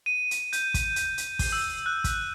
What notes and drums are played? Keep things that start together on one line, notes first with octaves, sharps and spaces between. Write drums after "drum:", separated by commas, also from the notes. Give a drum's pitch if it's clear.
D#7
drum: hi-hat
G6, drum: hi-hat
drum: kick, hi-hat
drum: hi-hat
drum: hi-hat
drum: kick, open hi-hat
E6
F#6
drum: kick, hi-hat